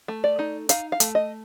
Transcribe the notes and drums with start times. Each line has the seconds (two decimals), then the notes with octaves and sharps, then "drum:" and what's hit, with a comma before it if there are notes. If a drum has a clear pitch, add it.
0.08 A3
0.24 D5
0.39 D#4
0.69 D#4 F5, drum: hi-hat
0.92 F5
1.00 A3, drum: hi-hat
1.15 D#5